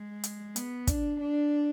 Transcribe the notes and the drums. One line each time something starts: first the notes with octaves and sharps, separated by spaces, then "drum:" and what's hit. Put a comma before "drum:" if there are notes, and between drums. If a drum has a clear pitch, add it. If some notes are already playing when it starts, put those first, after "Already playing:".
Already playing: G#3
drum: hi-hat
B3, drum: hi-hat
D4, drum: kick, hi-hat
D4